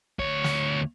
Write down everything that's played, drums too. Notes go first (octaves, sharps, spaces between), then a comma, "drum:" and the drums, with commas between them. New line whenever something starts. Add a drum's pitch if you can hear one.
D2 C#5, drum: kick
drum: snare